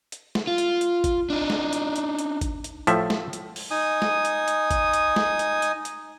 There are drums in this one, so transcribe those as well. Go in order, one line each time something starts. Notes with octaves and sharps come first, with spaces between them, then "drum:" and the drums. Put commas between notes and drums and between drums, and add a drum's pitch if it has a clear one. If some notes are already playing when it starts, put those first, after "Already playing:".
drum: hi-hat
drum: snare
F4
drum: hi-hat
drum: hi-hat
drum: kick, hi-hat
D4 D#4
drum: snare
drum: hi-hat
drum: hi-hat
drum: hi-hat
drum: kick, hi-hat
drum: hi-hat
A2 F3 E5, drum: hi-hat
drum: snare
drum: hi-hat
drum: open hi-hat
D#4 G#5 D#6
drum: snare
drum: hi-hat
drum: hi-hat
drum: kick, hi-hat
drum: hi-hat
drum: snare
drum: hi-hat
drum: hi-hat
drum: hi-hat